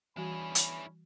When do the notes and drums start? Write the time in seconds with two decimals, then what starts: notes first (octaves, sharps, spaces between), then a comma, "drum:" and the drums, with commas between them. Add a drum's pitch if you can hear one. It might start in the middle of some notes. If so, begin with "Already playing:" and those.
0.17 E3 G3 C#4 D4 E4 F#4 G#4 B5
0.55 drum: hi-hat